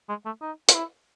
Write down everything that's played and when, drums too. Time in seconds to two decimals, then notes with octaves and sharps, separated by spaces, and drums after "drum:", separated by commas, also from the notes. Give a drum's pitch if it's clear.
0.09 G#3
0.25 A3
0.41 D#4
0.69 F4, drum: hi-hat
0.73 E4